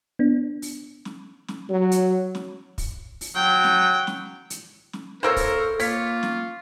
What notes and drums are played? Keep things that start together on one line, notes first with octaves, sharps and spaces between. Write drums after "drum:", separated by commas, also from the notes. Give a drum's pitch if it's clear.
B3 D4
drum: open hi-hat
drum: snare
drum: snare
F#3
drum: hi-hat
drum: snare
drum: kick, open hi-hat
drum: open hi-hat
F#3 G5
drum: snare
drum: snare
drum: hi-hat
drum: snare
E3 A#3 A4 A#4 C5 C#5 E6
drum: kick, open hi-hat
A#3 F4 C#5 B6, drum: open hi-hat
drum: snare